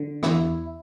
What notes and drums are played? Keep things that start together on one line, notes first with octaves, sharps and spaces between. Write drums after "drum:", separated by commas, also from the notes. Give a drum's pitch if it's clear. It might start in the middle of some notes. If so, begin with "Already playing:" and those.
Already playing: D3
E2 E4, drum: rim click